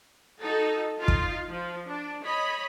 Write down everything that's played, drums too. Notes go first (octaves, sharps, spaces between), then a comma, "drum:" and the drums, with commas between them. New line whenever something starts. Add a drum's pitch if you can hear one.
D#4 F#4 A4
D#4 F4
drum: kick
F3
D4
C#5 D#5 B5